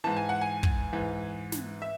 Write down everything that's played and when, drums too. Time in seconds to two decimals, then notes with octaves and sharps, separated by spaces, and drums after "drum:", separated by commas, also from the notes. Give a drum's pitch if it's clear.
0.04 G#2 E3 A5
0.17 G#5
0.29 F#5
0.41 G#5
0.63 drum: kick
0.93 G#2 E3
1.52 drum: snare
1.82 E5